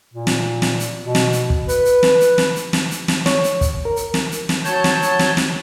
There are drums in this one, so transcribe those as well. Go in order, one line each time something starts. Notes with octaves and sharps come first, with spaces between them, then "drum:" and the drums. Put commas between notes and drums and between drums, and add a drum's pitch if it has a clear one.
A#2
drum: snare
drum: snare
drum: hi-hat
B2
drum: snare
drum: hi-hat
drum: kick
B4, drum: hi-hat
drum: hi-hat
drum: snare
drum: hi-hat
drum: snare
drum: hi-hat
drum: snare
drum: hi-hat
drum: snare
C#5, drum: snare
drum: hi-hat
drum: kick, hi-hat
A#4
drum: hi-hat
drum: snare
drum: hi-hat
drum: snare
F#3 C#5 A5 G6, drum: hi-hat
drum: snare
drum: hi-hat
drum: snare
drum: snare